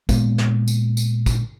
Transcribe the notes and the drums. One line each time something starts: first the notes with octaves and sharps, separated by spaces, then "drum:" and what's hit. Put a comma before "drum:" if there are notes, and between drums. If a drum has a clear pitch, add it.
A#2 G#3 B3, drum: kick, tambourine
drum: snare
drum: tambourine
drum: tambourine
drum: kick, tambourine